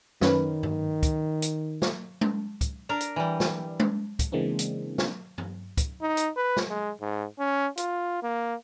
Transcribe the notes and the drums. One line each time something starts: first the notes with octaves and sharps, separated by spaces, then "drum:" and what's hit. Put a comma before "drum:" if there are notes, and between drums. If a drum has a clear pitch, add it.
F#2 D#3 C#4 B4, drum: snare
drum: tom G2
drum: kick, hi-hat
drum: hi-hat
drum: snare
drum: tom G#3
drum: kick, hi-hat
D4 A#4 D5
drum: hi-hat
E3 G3
drum: snare
drum: tom G#3
drum: kick, hi-hat
C#3 E3 G#3 A#3 C4 D4
drum: hi-hat
drum: snare
drum: tom G2
drum: kick, hi-hat
D#4
drum: hi-hat
B4
drum: snare
G#3
G#2
C#4
F4, drum: hi-hat
A#3